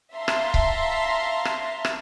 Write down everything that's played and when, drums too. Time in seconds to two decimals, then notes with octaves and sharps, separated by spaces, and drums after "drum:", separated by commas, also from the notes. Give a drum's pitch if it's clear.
0.15 E5 F5 A5 A#5 C6
0.28 drum: rim click
0.54 drum: kick C#1
1.45 drum: rim click
1.85 drum: rim click